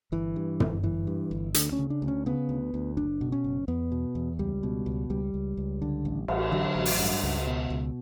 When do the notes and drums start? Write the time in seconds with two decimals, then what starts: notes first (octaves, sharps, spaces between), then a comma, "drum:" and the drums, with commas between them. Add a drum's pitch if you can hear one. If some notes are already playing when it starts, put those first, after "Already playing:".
0.12 G1 E3
0.36 G2
0.60 G1, drum: tom
0.83 G1 E3
1.07 G2
1.31 G1
1.54 D2 D3, drum: hi-hat
1.73 C#4
1.79 C#3
1.90 D4
2.02 D2
2.08 C#4
2.26 C#3 B3
2.49 D2
2.74 D2
2.97 F#1 D4
3.21 B2
3.32 C#4
3.44 F#1
3.68 E2 B3
3.92 B2
4.15 E2
4.39 C#2 G3
4.63 B2
4.86 C#2
5.10 C#2 G3
5.34 C#2
5.57 C#2
5.82 D3
6.05 A1
6.28 A1, drum: cymbal
6.52 D3 F#3
6.75 A1
6.85 drum: open hi-hat
6.99 G2
7.23 C#2
7.47 B2
7.70 C#2